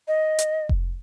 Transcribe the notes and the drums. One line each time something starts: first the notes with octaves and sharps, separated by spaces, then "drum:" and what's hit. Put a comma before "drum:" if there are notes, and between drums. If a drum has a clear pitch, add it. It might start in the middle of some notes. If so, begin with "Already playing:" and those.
D#5
drum: hi-hat
drum: kick F1